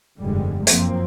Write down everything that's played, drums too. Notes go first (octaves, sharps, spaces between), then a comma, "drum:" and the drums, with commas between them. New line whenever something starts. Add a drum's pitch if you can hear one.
F1 G2 D3 G3 G#3
F#2 F3 A#3 C4, drum: hi-hat